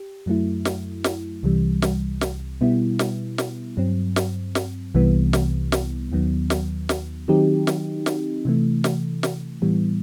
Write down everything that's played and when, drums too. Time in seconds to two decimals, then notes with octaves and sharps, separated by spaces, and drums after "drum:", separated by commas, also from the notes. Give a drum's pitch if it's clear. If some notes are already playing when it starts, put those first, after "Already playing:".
Already playing: G4
0.26 F#2 F#3 A3 E4
0.65 drum: snare
1.04 drum: snare
1.43 C2 C3 E3 G3
1.82 drum: snare
2.21 drum: snare
2.61 B2 G3 B3 E4
2.99 drum: snare
3.38 drum: snare
3.77 G2 F#3 C4
4.16 drum: snare
4.55 drum: snare
4.94 C2 C3 E3 G3 B3
5.33 drum: snare
5.72 drum: snare
6.12 D#2 D#3 F#3 B3
6.50 drum: snare
6.89 drum: snare
7.28 D#3 F#3 C4 D#4 G4
7.67 drum: snare
8.06 drum: snare
8.45 C3 E3 A3
8.84 drum: snare
9.23 drum: snare
9.62 A2 E3 G3 B3